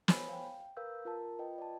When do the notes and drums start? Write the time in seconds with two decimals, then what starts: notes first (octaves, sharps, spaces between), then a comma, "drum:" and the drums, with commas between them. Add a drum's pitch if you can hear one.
0.08 C5 C#5 G#5 B5, drum: snare
0.29 F5 G5
0.77 A#4 B4 F5 E6 G6
1.05 F4 A#4 A5
1.39 F4 B4 D#5 G5
1.58 D5 A5